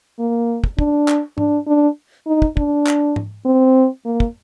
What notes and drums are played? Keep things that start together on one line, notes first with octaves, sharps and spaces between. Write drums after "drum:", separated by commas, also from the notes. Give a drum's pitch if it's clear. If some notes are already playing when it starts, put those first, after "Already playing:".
A#3
drum: kick
D4, drum: kick
drum: clap
D4, drum: tom G#2
D4
D#4
drum: kick
D4, drum: kick
drum: clap
drum: tom G#2
C4
A#3
drum: kick